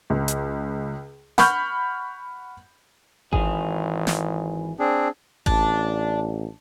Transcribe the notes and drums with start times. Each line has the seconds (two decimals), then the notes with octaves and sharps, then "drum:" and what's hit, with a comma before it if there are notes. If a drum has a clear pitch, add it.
0.10 C#2
0.28 drum: hi-hat
1.38 F#5 B5 C#6 F6 G6, drum: snare
3.33 G#1 E3 G#4, drum: kick G#1
4.07 drum: snare
4.79 C4 D4 G#4
5.46 A1 D4, drum: kick G#1